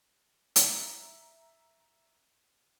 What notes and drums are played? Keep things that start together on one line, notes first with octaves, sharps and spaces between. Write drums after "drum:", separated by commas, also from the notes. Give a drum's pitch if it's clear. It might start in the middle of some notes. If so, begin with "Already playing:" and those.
E5 A#5, drum: hi-hat